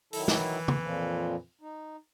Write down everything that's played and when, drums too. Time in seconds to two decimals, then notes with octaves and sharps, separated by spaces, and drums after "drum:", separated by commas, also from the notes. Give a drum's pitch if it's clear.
0.13 D#3 F#3 E4 A4, drum: open hi-hat
0.28 E3, drum: snare
0.68 drum: tom
0.81 F2 A#2 F3
1.61 D#4